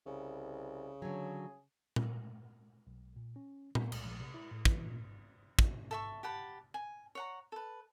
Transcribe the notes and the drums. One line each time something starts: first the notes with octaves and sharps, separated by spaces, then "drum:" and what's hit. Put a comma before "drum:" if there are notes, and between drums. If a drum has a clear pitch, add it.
C2 C#3
D3 F#3 G#4
drum: tom A#2
B1
A#2
C#4
B3, drum: tom A#2
C#2, drum: cymbal
A#1
C3
E4
A2
E3, drum: kick
A#2
drum: kick
A4 E5 C#6
G4 F#5 A5 B5
G#5
C#5 F#5 A#5
A4 B4